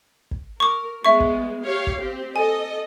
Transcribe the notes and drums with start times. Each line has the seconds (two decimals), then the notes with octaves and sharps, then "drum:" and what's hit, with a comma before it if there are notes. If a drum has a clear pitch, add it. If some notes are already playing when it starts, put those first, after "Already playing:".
0.31 drum: kick
0.60 A#4 C#6 D6
1.05 G#3 B3 E5 C#6
1.20 drum: kick
1.65 G4 C#5 F5
1.87 drum: kick
2.01 C4 G4
2.36 A4 D#5 G#5